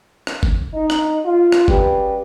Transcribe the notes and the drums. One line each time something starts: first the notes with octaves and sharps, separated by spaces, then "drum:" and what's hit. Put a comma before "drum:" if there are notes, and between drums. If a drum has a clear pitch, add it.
drum: rim click
drum: kick G1
D#4
drum: rim click
F4
drum: rim click
C#3 G3 G4 B4, drum: kick G1